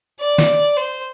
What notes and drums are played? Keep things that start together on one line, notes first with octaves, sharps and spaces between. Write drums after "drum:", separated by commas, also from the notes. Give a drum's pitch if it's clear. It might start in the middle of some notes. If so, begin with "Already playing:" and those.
D5
drum: snare D#3
C5